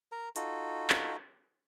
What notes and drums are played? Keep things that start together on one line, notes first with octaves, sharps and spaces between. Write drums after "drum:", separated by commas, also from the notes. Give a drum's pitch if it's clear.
A#4 A#5
D#4 F4 F#4 A4, drum: hi-hat
drum: clap